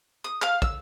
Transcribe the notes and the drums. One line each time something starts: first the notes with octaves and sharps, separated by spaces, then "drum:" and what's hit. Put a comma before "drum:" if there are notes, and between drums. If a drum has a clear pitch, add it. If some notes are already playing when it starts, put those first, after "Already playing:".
D#6
F5, drum: clap
E6, drum: kick